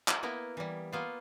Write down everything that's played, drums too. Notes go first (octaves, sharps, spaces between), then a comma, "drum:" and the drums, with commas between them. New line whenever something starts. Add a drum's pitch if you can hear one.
drum: clap
A#3 B3 E4 A#4
E3 G3
A#3 B3 F4